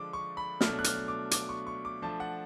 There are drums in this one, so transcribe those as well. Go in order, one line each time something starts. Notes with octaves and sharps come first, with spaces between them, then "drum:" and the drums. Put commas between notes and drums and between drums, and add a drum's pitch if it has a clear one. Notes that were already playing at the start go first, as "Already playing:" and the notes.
Already playing: D3 F3 G#3 D4 D6
C#6
B5
B2 F#3 A3 D4 F6, drum: snare
F#6
F6, drum: hi-hat
D6
D6, drum: hi-hat
C#6
C#6
D6
F3 A3 D4 A5
F#5